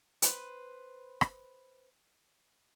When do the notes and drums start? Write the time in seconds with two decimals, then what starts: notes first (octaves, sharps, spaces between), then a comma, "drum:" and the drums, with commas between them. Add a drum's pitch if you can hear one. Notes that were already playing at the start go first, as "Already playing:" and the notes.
0.22 B4 C5, drum: hi-hat
1.21 drum: rim click